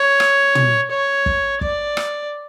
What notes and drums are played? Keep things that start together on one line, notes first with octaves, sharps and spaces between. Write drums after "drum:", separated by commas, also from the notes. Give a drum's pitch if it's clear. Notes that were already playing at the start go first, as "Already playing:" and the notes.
Already playing: C#5
drum: rim click
drum: tom
C#5
drum: kick
D5, drum: kick
drum: rim click